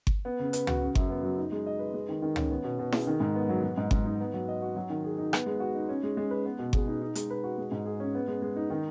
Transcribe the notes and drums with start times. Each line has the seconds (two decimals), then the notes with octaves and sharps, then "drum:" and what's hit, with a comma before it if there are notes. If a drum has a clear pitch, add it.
0.07 drum: kick G1
0.25 B3
0.40 C#3
0.53 B4, drum: hi-hat
0.67 F#4, drum: tom
0.82 C#3
0.95 F#2, drum: kick G1
1.10 B3
1.23 F#3
1.38 D#4
1.52 G#3
1.66 D#5
1.79 B4
1.94 G#3
2.09 D#3
2.22 D#3
2.36 C#4, drum: tom
2.51 B3
2.64 B2
2.79 B2
2.92 G#4, drum: snare E4
3.07 D#3
3.20 G#2
3.35 B3
3.49 F#3
3.63 F#3
3.77 G#2
3.91 G#2, drum: kick G1
4.05 D#4
4.20 B3
4.34 F#3
4.48 D#5
4.62 F#4
4.76 F#3
4.90 D#3
5.04 G#4
5.18 D#4
5.33 B3, drum: rim click
5.46 G#3
5.60 F#4
5.75 D#4
5.89 C#4
6.03 G#3
6.17 G#3
6.31 B4
6.46 B3
6.59 B2
6.73 G#4, drum: kick G1
6.88 D#4
7.01 D#4
7.15 G#3, drum: hi-hat
7.30 B4
7.44 F#4
7.58 G#3
7.72 G#2
7.86 G#4
8.00 C#4
8.15 B3
8.28 G#3
8.42 G#3
8.56 D#4
8.70 D#3